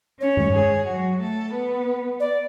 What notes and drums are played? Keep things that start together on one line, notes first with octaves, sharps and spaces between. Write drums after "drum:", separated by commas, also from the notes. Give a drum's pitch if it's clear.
C#4 C#5
drum: tom G2
G#3 G#4
F#3 F#4
A3 A4
B3 B4
D5